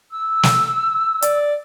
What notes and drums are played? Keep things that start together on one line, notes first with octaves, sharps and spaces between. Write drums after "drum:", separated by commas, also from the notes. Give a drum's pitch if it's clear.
E6
drum: snare
D5, drum: hi-hat